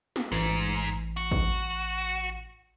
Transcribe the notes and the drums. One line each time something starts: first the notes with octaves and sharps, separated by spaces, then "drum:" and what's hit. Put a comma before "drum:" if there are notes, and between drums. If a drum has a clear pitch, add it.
drum: snare
A1 G#2, drum: open hi-hat
F#4
drum: kick A1